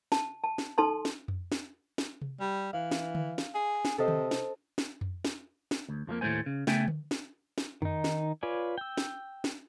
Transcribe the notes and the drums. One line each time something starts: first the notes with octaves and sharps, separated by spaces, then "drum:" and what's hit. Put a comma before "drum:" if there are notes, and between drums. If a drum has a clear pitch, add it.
A5, drum: snare
A5
drum: snare
D#4 A4 A5 C6
drum: snare
drum: tom F2
drum: snare
drum: snare
drum: tom C3
G3
E3 F5
drum: snare
drum: tom D3
drum: snare
G#4
drum: snare
C3 A4 C5 D#5
drum: tom D3
drum: snare
drum: snare
drum: tom F2
drum: snare
drum: snare
D2
F2 F3 G#3 A#3
D#2 A2 C3 A3 C5 G#5
C#3
C#3 A3 B3 E5 G5 G#5, drum: snare
drum: tom D3
drum: snare
drum: snare
D#3 D#4, drum: tom F2
drum: snare
F4 B4 C#5 D5 G#5
G5 E6
drum: snare
drum: snare